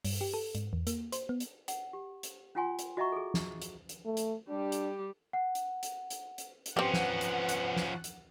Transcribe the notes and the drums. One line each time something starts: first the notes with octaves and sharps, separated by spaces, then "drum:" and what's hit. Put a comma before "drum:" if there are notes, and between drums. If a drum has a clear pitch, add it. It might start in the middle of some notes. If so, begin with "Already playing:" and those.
G2, drum: open hi-hat
G4
A4
G#2, drum: hi-hat
E2
A#3, drum: hi-hat
C5, drum: hi-hat
B3
drum: hi-hat
F#5, drum: hi-hat
G4
drum: hi-hat
C#4 F4 F#5 G#5 C6
drum: hi-hat
F#4 D#5 E5 F#5 A#5 C#6
G#4 A4
drum: snare
drum: hi-hat
drum: hi-hat
A3
drum: hi-hat
G3 D4 G4
drum: hi-hat
F#5
drum: hi-hat
drum: hi-hat
drum: hi-hat
drum: hi-hat
drum: hi-hat
F3 C4 C#4 G4 B4 F#5
drum: snare
drum: hi-hat
drum: hi-hat
drum: snare
drum: hi-hat